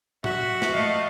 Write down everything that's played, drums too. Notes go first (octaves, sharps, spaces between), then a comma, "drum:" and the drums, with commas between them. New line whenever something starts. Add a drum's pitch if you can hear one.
F#4 E5, drum: tom A2
drum: snare
A3 D#5 F5